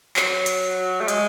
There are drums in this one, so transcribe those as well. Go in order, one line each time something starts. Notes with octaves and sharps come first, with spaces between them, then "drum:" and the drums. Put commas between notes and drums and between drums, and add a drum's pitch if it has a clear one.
F#3, drum: clap
drum: hi-hat
A3
G#3, drum: hi-hat